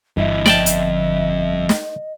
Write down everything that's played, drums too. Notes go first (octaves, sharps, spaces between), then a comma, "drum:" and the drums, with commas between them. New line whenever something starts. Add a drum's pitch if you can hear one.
G1 G2 E3 D#5 E5
F2 D5 G5 A5, drum: snare
drum: hi-hat
drum: snare